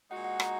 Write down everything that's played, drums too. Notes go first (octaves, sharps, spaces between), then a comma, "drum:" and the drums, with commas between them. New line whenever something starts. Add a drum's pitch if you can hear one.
A#2 G#3 D#4 F#4 F#5
F#5
A#5, drum: rim click